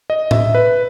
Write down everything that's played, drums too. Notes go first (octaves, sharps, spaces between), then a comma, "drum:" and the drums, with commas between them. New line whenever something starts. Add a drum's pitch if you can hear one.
D#5
E5, drum: tom A2
B4